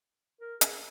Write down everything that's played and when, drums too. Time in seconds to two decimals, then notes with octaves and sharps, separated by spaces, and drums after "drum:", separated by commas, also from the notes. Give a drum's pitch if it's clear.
0.41 A#4
0.61 G#4, drum: hi-hat